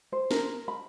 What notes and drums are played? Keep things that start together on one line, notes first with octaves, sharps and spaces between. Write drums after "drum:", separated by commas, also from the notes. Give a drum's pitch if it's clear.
C5
A#4, drum: snare
B5